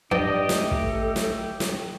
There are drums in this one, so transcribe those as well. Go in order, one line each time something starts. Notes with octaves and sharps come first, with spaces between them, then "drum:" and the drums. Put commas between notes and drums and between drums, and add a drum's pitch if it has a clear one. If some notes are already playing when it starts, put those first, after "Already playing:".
G2 D4 G4 D5 D#5 A5
A3 A4, drum: snare
drum: kick
drum: snare
drum: snare